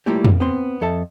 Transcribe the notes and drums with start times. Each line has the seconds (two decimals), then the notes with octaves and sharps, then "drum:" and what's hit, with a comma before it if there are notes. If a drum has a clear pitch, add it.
0.06 G3 A3 A#3 E4 F4 G4
0.25 drum: tom
0.40 B3 C4 C6
0.81 F2 A4 E5 A5